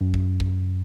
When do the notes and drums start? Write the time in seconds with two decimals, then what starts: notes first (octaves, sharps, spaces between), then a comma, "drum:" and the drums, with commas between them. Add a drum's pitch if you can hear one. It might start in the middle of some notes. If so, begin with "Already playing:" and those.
0.01 F#2
0.14 drum: kick
0.40 drum: kick